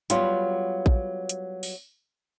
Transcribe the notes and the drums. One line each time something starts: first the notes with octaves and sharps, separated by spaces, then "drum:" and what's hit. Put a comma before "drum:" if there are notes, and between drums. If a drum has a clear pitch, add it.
F#3 G3 B3 F4, drum: hi-hat
drum: kick A1
drum: hi-hat
drum: open hi-hat